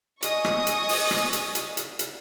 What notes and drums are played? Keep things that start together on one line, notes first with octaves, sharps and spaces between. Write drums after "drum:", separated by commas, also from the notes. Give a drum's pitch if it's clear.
D#5 G#5 C#6 D#6, drum: hi-hat
drum: rim click
drum: hi-hat
drum: open hi-hat
drum: rim click
drum: hi-hat
drum: hi-hat
drum: hi-hat
drum: hi-hat